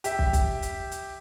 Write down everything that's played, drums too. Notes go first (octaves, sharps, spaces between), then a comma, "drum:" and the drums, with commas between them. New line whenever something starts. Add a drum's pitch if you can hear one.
G4 E5, drum: hi-hat
drum: kick
drum: kick, hi-hat
drum: hi-hat
drum: hi-hat